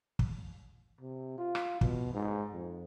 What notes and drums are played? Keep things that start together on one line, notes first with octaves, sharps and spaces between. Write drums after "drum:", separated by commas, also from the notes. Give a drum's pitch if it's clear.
drum: kick
C3
F4
drum: rim click
B2, drum: kick
G#2
F2